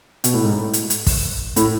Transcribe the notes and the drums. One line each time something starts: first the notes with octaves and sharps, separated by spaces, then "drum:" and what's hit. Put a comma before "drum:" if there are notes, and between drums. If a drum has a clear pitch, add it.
B2, drum: hi-hat
A2
G#2
A2
drum: hi-hat
drum: hi-hat
drum: kick, open hi-hat
A2, drum: hi-hat